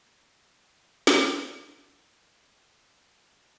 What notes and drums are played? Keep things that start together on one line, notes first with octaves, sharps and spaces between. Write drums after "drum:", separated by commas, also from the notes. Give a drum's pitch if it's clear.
G#2 G#3
F#2 F#3
E2 E3
drum: snare
F#2 F#3
E3
D#3
C#3
D#2 D#3
C#3
C#3
E2 E3
F#2 F#3
G#3